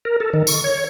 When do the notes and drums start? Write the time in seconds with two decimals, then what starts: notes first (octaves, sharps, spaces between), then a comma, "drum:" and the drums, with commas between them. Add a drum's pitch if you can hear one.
0.05 A#4
0.20 A4
0.34 D#3
0.47 C#6, drum: tambourine
0.64 C#5